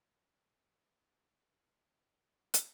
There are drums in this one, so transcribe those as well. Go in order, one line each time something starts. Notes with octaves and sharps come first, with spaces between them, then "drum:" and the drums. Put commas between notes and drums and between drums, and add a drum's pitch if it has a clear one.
F2 C3 G3 B3
drum: hi-hat